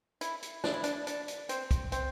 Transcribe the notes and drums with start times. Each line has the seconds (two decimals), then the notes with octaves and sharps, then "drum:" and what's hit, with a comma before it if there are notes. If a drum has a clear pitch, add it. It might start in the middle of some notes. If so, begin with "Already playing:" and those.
0.21 E4, drum: hi-hat
0.43 drum: hi-hat
0.64 D4, drum: snare
0.74 E4
0.84 D4, drum: hi-hat
1.07 D4, drum: hi-hat
1.28 drum: hi-hat
1.49 C4, drum: hi-hat
1.71 drum: kick B1, hi-hat
1.92 C4, drum: hi-hat